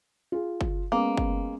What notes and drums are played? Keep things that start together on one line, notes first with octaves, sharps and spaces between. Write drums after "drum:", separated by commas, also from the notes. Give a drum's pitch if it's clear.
F4 G#4
drum: kick F#1
G#3 A#3 B3 C#4
drum: kick F#1